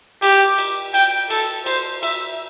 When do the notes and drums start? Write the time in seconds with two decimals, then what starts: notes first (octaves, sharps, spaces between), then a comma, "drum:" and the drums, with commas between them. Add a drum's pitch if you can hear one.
0.22 G4, drum: cymbal
0.58 drum: cymbal
0.94 G5, drum: cymbal
1.30 A4, drum: cymbal
1.66 C5, drum: cymbal
2.03 E5, drum: cymbal